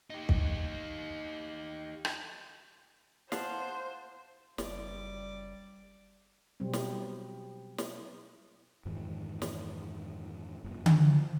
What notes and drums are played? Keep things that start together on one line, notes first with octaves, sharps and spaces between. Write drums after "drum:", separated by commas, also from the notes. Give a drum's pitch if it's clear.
D#4 G4
drum: kick
drum: rim click
C5 F5 F#5 A5, drum: snare
F#1 G3 D5, drum: snare
B2 F#3 G3 C4
drum: snare
drum: snare
F2 G#2 D#3 E3
drum: snare
F1 F#2 A#2
F3, drum: tom D3